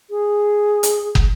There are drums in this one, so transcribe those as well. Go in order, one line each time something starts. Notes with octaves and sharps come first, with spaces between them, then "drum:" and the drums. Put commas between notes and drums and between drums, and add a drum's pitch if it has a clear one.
G#4
drum: hi-hat
drum: kick